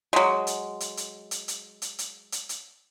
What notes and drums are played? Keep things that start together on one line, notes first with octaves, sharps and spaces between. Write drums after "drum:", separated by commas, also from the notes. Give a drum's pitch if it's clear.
F#3 G#3
drum: hi-hat
drum: hi-hat
drum: hi-hat
drum: hi-hat
drum: hi-hat
drum: hi-hat
drum: hi-hat
drum: hi-hat
drum: hi-hat